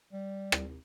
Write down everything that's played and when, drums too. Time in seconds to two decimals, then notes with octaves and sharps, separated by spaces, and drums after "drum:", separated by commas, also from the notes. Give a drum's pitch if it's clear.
0.13 G3
0.52 drum: rim click